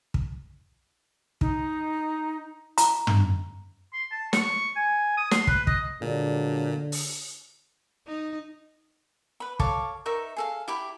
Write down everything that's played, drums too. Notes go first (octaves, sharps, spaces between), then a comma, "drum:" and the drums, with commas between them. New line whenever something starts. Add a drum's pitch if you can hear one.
drum: kick
D#4, drum: kick
A#5, drum: hi-hat
drum: tom
C6
A5
C#6, drum: snare
G#5
D#6
C6, drum: snare
B4, drum: kick
D#5, drum: kick
A#2 D3 F#3 G#3 D4
drum: open hi-hat
D#4
B4 B5
A4 C#5 F5 D6, drum: kick
D#4 A#4 E5 C#6
G#4 A4 F5
E4 G4 B5